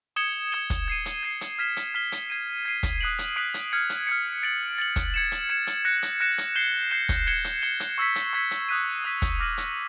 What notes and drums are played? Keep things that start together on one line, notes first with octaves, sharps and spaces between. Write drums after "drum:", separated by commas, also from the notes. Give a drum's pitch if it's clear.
D#6 G#6 C#7 E7 G7
D#6 G#6 C#7 E7 G7
drum: kick, hi-hat
G#6 C7 D#7
drum: hi-hat
G#6 C7 D#7
drum: hi-hat
F6 G#6 B6 E7 G7
drum: hi-hat
F6 G#6 B6 E7 G7
drum: hi-hat
G#6 C7 D#7
G#6 C7 D#7
drum: kick, hi-hat
D#6 F#6 B6 D7 F#7
drum: hi-hat
D#6 F#6 B6 D7 F#7
drum: hi-hat
F6 G#6 C#7
drum: hi-hat
F6 G#6 C#7
A6 D7 F#7
A6 D7 F#7
drum: kick, hi-hat
G#6 C#7 E7
drum: hi-hat
G#6 C#7 E7
drum: hi-hat
F#6 A#6 C#7 E7
drum: hi-hat
F#6 A#6 C#7 E7
drum: hi-hat
G6 C7 E7 G7
G6 C7 E7 G7
drum: kick, hi-hat
G#6 C#7 E7 G7
drum: hi-hat
G#6 C#7 E7 G7
drum: hi-hat
C#6 E6 G#6 B6
drum: hi-hat
C#6 E6 G#6 B6
drum: hi-hat
D#6 F#6 B6 D#7
D#6 F#6 B6 D#7
drum: kick, hi-hat
D6 F6 A#6 D#7 F#7
drum: hi-hat